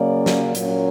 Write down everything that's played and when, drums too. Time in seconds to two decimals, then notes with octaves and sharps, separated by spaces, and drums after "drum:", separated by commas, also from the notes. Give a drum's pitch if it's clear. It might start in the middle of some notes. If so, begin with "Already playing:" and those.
Already playing: C#3 F#3 A#3 C#4 D5
0.26 drum: snare
0.55 A#2 F#3 A#3 C#4, drum: hi-hat